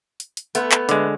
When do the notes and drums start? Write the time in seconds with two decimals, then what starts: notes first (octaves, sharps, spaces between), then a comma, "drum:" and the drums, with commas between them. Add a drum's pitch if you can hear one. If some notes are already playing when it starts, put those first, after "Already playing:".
0.20 drum: hi-hat
0.37 drum: hi-hat
0.55 A3 B3, drum: hi-hat
0.72 drum: clap
0.89 D3 G#3, drum: hi-hat